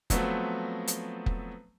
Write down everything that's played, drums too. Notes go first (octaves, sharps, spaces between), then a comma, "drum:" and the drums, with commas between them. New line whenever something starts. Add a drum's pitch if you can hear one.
F3 F#3 A3 B3 C4, drum: kick, hi-hat
drum: hi-hat
drum: kick